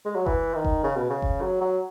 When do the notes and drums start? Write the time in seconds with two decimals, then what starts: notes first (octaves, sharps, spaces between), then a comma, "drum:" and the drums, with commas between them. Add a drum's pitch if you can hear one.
0.05 G#3
0.16 F#3
0.26 E3, drum: kick F#1
0.55 D#3
0.65 drum: kick F#1
0.84 C#3
0.97 B2
1.10 C#3
1.22 drum: kick F#1
1.42 F#3
1.61 F#3